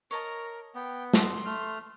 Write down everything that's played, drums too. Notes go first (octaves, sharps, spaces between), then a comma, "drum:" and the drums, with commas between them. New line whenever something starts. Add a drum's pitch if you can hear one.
A#4 C#5 D#5 A5
B3 G5
C6, drum: snare
A3 F6